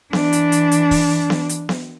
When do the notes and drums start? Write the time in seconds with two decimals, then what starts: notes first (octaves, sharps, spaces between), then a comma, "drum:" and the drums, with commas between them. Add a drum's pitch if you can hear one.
0.13 E3 D4, drum: snare B3
0.33 drum: hi-hat
0.52 drum: hi-hat
0.71 drum: hi-hat
0.91 drum: kick, open hi-hat
1.30 drum: snare B3
1.49 drum: hi-hat
1.69 drum: snare B3